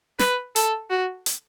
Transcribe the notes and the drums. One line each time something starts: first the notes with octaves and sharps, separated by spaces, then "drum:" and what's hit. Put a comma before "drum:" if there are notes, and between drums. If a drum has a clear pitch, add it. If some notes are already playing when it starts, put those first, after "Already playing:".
B4, drum: snare
A4, drum: hi-hat
F#4
drum: hi-hat